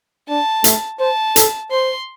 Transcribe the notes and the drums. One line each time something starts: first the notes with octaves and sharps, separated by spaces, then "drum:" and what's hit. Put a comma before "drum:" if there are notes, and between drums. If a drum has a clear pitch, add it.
D4 A5
A3, drum: hi-hat
C5 A5
A4, drum: hi-hat
C5 C6